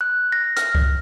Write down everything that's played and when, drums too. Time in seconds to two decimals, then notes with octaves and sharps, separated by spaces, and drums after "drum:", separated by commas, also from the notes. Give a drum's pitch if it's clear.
0.01 F#6
0.32 A#6
0.57 F6, drum: hi-hat
0.75 drum: kick C#2